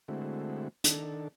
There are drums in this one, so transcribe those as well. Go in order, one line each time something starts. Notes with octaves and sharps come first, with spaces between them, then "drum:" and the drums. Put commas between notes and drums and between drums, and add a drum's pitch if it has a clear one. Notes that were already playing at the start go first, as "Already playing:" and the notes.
D3 G#3 A3 C4 E4 F#4
D#3 D4 A4, drum: hi-hat